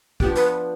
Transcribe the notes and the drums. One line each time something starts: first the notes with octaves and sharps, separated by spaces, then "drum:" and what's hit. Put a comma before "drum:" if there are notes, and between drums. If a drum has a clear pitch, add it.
F3 B3 D4 G4, drum: kick
B4